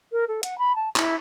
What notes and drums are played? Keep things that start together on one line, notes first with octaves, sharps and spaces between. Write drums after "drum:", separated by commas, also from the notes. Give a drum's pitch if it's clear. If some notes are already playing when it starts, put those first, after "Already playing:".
A#4
A4
F#5, drum: hi-hat
B5
A5
E4, drum: clap